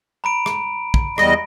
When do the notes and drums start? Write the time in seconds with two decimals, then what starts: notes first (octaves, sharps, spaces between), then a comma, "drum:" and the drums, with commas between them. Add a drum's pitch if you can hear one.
0.24 A#5 B5 D7
0.46 drum: rim click
0.94 drum: kick
1.18 E2 G3 D#5, drum: rim click